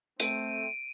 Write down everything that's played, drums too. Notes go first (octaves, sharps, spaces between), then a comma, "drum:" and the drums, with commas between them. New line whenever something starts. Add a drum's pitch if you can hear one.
A3 C4 D7 D#7, drum: hi-hat